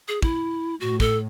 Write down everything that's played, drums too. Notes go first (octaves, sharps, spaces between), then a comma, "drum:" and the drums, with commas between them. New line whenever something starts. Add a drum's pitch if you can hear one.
G#4
E4, drum: kick
A2 F#4
A4, drum: kick